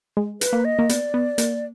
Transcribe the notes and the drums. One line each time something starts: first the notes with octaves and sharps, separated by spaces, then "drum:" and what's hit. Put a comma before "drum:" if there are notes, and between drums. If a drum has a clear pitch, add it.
G#3
B4, drum: hi-hat
A#3
D#5
A#3
B3 D5, drum: hi-hat
B3
A#3, drum: hi-hat